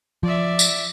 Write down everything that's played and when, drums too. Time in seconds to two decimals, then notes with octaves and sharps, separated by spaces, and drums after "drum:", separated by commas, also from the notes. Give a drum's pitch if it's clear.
0.23 F3 D5 E5
0.59 drum: tambourine